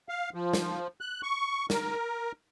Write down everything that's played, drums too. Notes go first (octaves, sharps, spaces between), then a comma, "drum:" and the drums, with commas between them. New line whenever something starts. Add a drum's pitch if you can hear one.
F5
F3
drum: snare
F#6
C#6
A#4, drum: snare